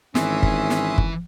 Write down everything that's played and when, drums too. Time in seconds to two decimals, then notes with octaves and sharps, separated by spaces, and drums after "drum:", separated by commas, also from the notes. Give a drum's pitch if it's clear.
0.15 G#1 E3 C#4 E5 C6 D#6, drum: snare
0.43 drum: kick
0.70 drum: snare
0.98 drum: kick